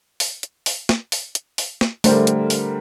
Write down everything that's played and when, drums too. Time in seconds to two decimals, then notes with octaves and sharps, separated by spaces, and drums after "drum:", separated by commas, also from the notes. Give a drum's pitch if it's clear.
0.20 drum: open hi-hat
0.43 drum: hi-hat
0.66 drum: open hi-hat
0.89 drum: snare
1.12 drum: open hi-hat
1.35 drum: hi-hat
1.58 drum: open hi-hat
1.81 drum: snare
2.04 D3 G3 A3 A#4 C5, drum: open hi-hat
2.27 drum: hi-hat
2.50 drum: open hi-hat